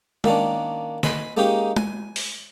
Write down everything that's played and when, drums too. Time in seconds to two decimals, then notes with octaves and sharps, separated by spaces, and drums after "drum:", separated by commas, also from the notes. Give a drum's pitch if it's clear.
0.24 D#3 A#3 C#4 D4, drum: tom G#3
1.03 B4 D#5 G#5 B5 C6, drum: snare
1.37 G#3 A#3 C#4 D#4 G4
1.76 G#5, drum: tom G#3
2.16 drum: open hi-hat